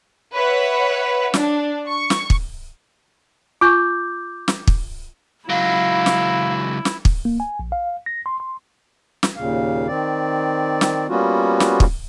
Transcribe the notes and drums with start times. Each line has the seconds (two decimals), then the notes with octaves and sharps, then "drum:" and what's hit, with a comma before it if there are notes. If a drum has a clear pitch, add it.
0.32 B4 C#5 E5 F#5
1.34 D4, drum: snare
1.87 C#6
2.10 drum: snare
2.30 drum: kick
3.61 F4 G#5 C#6 D6 G6
4.48 drum: snare
4.67 drum: kick
5.50 C#2 F#3 E4 F5
6.06 drum: snare
6.85 drum: snare
7.05 drum: kick
7.25 A#3
7.40 G#5
7.59 A#1
7.72 F5
8.06 A#6
8.26 C6
8.40 C6
9.23 drum: snare
9.37 D#2 A#2 C#3 F5
9.87 D#3 C4 D5
10.81 drum: snare
11.09 G3 A#3 B3 C#4 F4 F#4
11.60 drum: snare
11.80 drum: kick